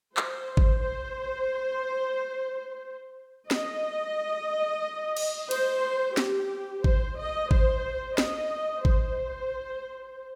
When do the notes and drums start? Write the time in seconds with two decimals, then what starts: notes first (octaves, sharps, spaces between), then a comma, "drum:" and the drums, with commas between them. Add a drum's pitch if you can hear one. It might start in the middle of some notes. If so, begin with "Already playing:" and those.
0.17 C5, drum: clap
0.57 drum: kick G#1
0.83 C5
3.51 D#5, drum: snare
5.17 drum: cymbal
5.51 C5, drum: cymbal
6.17 G4, drum: snare
6.84 C5, drum: kick G#1
7.19 D#5
7.51 C5, drum: kick G#1
8.18 D#5, drum: snare
8.85 C5, drum: kick G#1